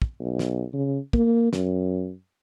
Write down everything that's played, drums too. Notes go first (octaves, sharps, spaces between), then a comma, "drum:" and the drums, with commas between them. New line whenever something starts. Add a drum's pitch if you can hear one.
drum: kick
B1
drum: snare
C#3
A#3, drum: kick
F#2, drum: snare